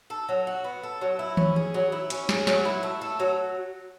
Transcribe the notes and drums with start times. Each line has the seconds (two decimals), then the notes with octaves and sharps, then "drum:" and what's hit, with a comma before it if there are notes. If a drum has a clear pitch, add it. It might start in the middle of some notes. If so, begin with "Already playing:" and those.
0.10 A4
0.29 F#3
0.47 F#4
0.64 B3
0.83 A4
1.01 F#3
1.19 E4
1.37 C#4, drum: tom D#3
1.56 G#4
1.74 F#3
1.92 E4
2.10 C#4, drum: hi-hat
2.29 G#4, drum: snare
2.47 F#3, drum: snare
2.65 E4
2.83 A3
3.01 A4
3.20 F#3